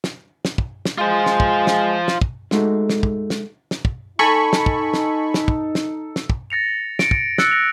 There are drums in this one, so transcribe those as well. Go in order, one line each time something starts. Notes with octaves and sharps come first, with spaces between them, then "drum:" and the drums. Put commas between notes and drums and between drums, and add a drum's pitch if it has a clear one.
drum: snare
drum: snare
drum: kick
drum: snare
G#3 F4 C5
drum: snare
drum: kick
drum: snare
drum: snare
drum: kick
G#3 A3 D#4 F#4, drum: snare
drum: snare
drum: kick
drum: snare
drum: snare
drum: kick
D#4 A4 G#5 B5 C#6
drum: snare
drum: kick
drum: snare
drum: snare
drum: kick
drum: snare
drum: snare
drum: kick
A6 A#6 C#7 F7
C#7 D7, drum: snare
drum: kick
E6 F#6 A6 A#6 C#7, drum: snare
A#6 F7